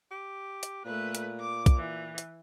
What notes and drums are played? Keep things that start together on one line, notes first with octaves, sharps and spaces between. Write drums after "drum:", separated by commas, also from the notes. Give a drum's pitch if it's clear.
G4
drum: hi-hat
A#2 A3 B4
drum: hi-hat
D6
drum: kick, hi-hat
E3
drum: hi-hat